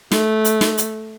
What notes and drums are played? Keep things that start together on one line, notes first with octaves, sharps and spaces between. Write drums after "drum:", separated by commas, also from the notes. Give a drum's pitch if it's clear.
A3, drum: snare
drum: hi-hat
drum: snare
drum: hi-hat